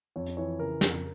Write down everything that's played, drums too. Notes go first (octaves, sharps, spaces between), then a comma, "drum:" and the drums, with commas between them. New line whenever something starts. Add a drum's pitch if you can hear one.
F2 C#5
drum: hi-hat
E3 C#5
C#3 A#4
F2, drum: snare